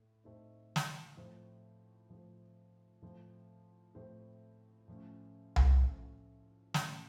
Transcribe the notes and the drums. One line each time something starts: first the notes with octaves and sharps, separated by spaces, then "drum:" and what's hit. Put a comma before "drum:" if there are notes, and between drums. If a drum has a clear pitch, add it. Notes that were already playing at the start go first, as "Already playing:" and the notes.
Already playing: A2 A3
A2 A3 C4 D#4
drum: snare
A2 F3 C4
A2 F3 C4
A2 F3 C4
A2 F3 C4
A2 F3 A3 C#4
drum: tom C2
A2 F3 A3 C#4
A2 A3 C#4, drum: snare